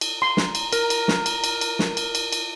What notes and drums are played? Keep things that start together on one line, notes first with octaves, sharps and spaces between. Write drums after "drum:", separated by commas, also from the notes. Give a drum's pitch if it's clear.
drum: cymbal
A#5 C6
drum: snare
drum: cymbal
A#4, drum: cymbal
drum: cymbal
drum: snare
drum: cymbal
drum: cymbal
drum: cymbal
drum: snare
drum: cymbal
drum: cymbal
drum: cymbal